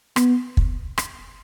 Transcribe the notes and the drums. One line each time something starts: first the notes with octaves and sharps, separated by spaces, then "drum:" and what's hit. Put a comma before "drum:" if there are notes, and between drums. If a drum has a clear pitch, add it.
B3, drum: rim click
drum: kick
drum: rim click